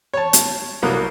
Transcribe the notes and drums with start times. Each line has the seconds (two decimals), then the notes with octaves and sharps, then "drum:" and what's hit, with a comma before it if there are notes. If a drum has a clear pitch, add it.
0.14 C#5 A5
0.33 drum: hi-hat
0.82 C2 F#3 G3 A#3 D#6 F#6